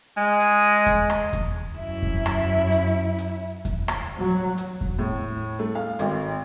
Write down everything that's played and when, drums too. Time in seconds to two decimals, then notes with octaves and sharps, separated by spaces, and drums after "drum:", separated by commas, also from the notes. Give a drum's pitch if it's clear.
0.17 G#3
0.40 drum: hi-hat
0.86 drum: kick E2, hi-hat
1.10 drum: rim click
1.33 drum: kick E2, hi-hat
1.78 F#2 E4
2.02 drum: kick E2
2.26 drum: rim click
2.72 drum: hi-hat
3.19 drum: hi-hat
3.65 drum: kick E2, hi-hat
3.88 drum: rim click
4.19 F#3
4.58 drum: hi-hat
4.81 drum: kick E2
4.99 A2
5.59 A3
5.75 F5
5.99 G#1, drum: hi-hat